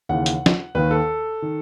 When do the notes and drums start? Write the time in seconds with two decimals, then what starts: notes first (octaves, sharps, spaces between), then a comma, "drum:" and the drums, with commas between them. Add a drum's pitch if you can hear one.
0.09 D#2 C#3 E3 F#5
0.26 drum: hi-hat
0.46 drum: snare
0.75 D#2 D#3 B4
0.91 A4
1.42 D#3